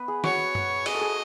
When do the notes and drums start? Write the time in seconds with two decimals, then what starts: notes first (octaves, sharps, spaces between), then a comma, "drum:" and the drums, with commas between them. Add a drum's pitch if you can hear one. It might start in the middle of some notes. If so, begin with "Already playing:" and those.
Already playing: B3 B4
0.08 G#4
0.24 F#4 C#5, drum: snare
0.55 drum: tom F#2
0.86 G#4 D#5, drum: cymbal
0.94 A4
1.01 G#4